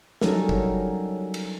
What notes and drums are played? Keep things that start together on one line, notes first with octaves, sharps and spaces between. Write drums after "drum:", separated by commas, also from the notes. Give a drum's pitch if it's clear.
F#3 G3 C#4 D#4 A4 A#4, drum: snare
drum: kick G1
drum: cymbal